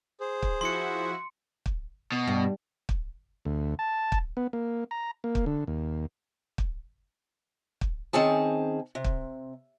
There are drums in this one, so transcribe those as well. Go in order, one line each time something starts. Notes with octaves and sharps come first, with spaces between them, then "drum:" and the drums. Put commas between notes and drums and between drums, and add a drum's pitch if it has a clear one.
G#4 C5
drum: kick
F3 E4 F#4 C6 C#7
drum: kick
B2
G2
drum: kick
D2
A5
drum: kick
B3
A#3
A#5
A#3
drum: kick
D3
D#2
drum: kick
drum: kick
D#3 C4 C#4 G#4 A5
C3
drum: kick